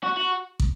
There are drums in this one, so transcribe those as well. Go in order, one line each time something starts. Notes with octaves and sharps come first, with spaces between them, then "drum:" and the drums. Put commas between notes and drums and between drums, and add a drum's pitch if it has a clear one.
F#4
F#4
drum: kick